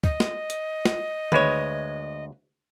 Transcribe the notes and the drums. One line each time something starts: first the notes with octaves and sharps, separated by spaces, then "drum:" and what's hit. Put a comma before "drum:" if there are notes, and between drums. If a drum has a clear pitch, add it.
D#5, drum: kick
drum: snare
drum: hi-hat
drum: snare
D2 G#3 B4 C#5, drum: tom D#3